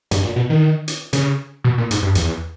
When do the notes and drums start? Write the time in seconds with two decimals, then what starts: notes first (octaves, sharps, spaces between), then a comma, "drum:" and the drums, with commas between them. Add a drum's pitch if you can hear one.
0.11 G2, drum: hi-hat
0.23 A#2
0.36 B2
0.50 D#3
0.88 drum: hi-hat
1.13 C#3, drum: hi-hat
1.64 B2
1.78 A#2
1.91 G#2, drum: hi-hat
2.03 G2
2.15 E2, drum: hi-hat